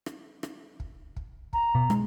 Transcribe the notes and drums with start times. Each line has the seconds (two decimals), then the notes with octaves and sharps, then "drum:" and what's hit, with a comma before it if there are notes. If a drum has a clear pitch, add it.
0.06 drum: rim click
0.43 drum: rim click
0.80 drum: kick
1.16 drum: kick
1.53 A#5, drum: kick
1.75 B2
1.90 G#3, drum: rim click